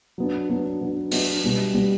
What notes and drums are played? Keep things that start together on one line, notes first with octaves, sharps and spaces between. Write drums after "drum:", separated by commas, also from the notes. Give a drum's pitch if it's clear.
F#3 B3 D4
F#3 B3 D4
F#3 B3 D4
F#3 B3 D4, drum: open hi-hat
B2 G3 B3
B2 G3 B3